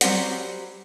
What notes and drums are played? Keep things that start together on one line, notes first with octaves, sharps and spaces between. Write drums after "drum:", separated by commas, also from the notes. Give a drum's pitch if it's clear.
F#3 G3 C4 G4 F#5, drum: hi-hat